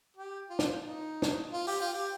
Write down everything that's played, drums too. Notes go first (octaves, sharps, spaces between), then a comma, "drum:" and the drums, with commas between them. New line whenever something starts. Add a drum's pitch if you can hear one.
G4
F4
drum: snare
D#4
drum: snare
F4
G4, drum: open hi-hat
F4
G4